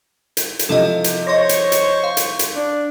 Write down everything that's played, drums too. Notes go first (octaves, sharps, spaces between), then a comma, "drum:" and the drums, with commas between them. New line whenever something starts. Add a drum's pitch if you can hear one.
drum: hi-hat
drum: hi-hat
C3 E3 F3 A4 D#5
drum: hi-hat
C5 C#5 D#5 C6 C#6 A#6
drum: hi-hat
drum: hi-hat
F5
drum: hi-hat
drum: hi-hat
D4